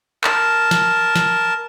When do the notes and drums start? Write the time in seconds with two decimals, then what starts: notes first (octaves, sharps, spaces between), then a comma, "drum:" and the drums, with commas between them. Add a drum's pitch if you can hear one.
0.24 A#4 A5, drum: clap
0.71 drum: snare
1.16 drum: snare